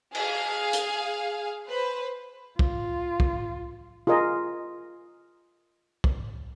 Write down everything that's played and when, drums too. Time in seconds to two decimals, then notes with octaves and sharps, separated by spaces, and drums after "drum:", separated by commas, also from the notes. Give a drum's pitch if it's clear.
0.15 G#4 F5, drum: cymbal
0.73 drum: hi-hat
1.68 B4 C5
2.59 F4, drum: kick
3.20 drum: kick
4.07 F4 G#4 A#4 D#5
6.04 drum: kick